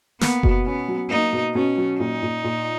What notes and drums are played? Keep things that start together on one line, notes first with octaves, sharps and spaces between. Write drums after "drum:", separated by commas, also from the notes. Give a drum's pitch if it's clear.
A#3 B3, drum: snare
B2, drum: kick F#1
B3 C#4
F#3
A#3 D#4
B2
B2 C#4
F#3
A#2 D#4
A#2
A#2